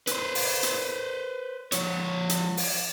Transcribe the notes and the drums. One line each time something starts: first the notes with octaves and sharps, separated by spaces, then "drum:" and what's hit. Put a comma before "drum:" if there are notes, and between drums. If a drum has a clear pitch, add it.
B4 C5, drum: hi-hat
drum: open hi-hat
drum: hi-hat
F3 C#5, drum: hi-hat
drum: hi-hat
drum: open hi-hat